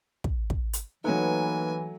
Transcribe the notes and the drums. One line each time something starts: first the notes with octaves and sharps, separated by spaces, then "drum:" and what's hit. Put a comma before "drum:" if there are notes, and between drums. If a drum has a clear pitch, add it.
drum: kick
drum: kick
drum: hi-hat
E3 F#3 A3 A#3 D#4 B4 G#5